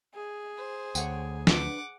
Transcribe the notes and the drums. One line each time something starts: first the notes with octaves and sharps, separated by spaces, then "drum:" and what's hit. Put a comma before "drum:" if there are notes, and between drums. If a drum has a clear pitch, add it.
G#4
C5
D2 C#5 F#5 G5, drum: tambourine
D4 B4 F#5 D6, drum: snare